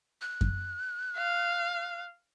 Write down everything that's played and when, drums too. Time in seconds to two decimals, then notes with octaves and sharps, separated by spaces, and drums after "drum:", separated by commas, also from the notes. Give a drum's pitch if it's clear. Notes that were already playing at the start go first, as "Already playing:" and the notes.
0.21 F#6
0.41 drum: kick F#2
1.17 F5